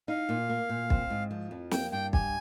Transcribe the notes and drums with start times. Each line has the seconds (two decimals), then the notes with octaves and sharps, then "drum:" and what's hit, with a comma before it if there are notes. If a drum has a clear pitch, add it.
0.08 D#4 F5
0.29 A#2
0.49 A#3
0.69 A#2
0.90 C4, drum: kick
1.10 G#2
1.31 F3
1.51 F2
1.71 A#3 G5, drum: snare
1.92 G2 G5
2.13 G4 G#5, drum: kick